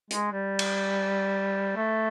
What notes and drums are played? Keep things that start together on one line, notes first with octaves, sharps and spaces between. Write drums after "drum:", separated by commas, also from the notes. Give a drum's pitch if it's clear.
G#3, drum: hi-hat
G3
drum: cymbal
A3